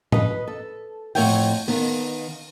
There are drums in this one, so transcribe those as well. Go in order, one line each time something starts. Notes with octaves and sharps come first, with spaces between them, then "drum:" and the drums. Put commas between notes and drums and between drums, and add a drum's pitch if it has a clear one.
B4 D#5, drum: tom A2
A4
F2 A2 C#5 E5 F#5 G5, drum: open hi-hat
D#3 B3, drum: open hi-hat